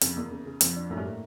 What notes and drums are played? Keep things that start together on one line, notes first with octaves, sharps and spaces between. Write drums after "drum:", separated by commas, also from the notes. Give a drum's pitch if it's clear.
F2 C#3, drum: hi-hat
E2 A#3
C#3
C#3
F2 F3, drum: hi-hat
D4
F#2 A2
G2
A#3